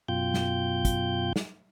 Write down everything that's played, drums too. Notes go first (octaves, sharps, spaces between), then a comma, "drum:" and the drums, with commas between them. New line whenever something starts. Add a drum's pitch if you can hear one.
F#2 B2 F4 G5 G6
drum: snare
drum: kick, hi-hat
drum: snare